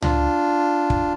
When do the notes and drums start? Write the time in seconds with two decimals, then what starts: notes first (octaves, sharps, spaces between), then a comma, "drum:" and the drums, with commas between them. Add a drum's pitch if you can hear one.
0.02 D4 F4, drum: tom C#2
0.90 drum: kick